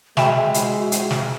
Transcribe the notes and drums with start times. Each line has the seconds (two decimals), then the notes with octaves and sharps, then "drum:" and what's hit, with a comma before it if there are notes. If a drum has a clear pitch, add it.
0.17 G#3 F#4 E5 G5 B5 E7, drum: snare
0.54 drum: hi-hat
0.92 drum: hi-hat
1.11 drum: snare